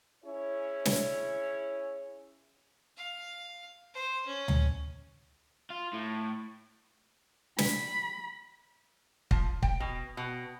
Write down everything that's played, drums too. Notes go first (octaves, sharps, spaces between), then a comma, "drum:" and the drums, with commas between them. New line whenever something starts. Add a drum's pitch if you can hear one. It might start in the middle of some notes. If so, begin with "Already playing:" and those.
C#4 E4 G#4 C#5
drum: snare
F5
C5
C#4
drum: tom D2
F4
A2
B5, drum: snare
F3, drum: kick
G5, drum: kick
B2
B2